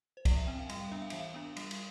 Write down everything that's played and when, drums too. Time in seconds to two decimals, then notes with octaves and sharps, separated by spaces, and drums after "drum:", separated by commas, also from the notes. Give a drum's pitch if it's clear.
0.17 C5
0.25 F3 D5, drum: kick, cymbal
0.37 E5
0.47 C4 G5
0.59 F5
0.69 G3 G5, drum: cymbal
0.81 F5
0.91 B3 D4 E5
1.02 F5
1.10 E3 E5, drum: cymbal
1.19 F5
1.34 B3 D4
1.56 G3, drum: cymbal
1.71 drum: cymbal